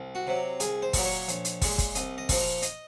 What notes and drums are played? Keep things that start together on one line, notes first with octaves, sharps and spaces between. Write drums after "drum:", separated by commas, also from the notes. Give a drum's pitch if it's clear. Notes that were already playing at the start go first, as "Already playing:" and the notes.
Already playing: C2
F#4
C3 F#3
C2 G#4, drum: hi-hat
C5
A#2 F#3, drum: kick, open hi-hat
C#5
A#1, drum: hi-hat
drum: hi-hat
A#2 G#3, drum: kick, open hi-hat
drum: kick, hi-hat
C2 D#5, drum: hi-hat
D#5
A#2 F3, drum: kick, open hi-hat
F5
D#5, drum: hi-hat